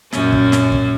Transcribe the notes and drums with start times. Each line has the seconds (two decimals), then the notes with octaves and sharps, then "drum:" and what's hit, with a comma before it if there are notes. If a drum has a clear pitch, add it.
0.12 F#2 A#2 C#4, drum: snare
0.32 drum: kick
0.52 drum: snare
0.72 drum: kick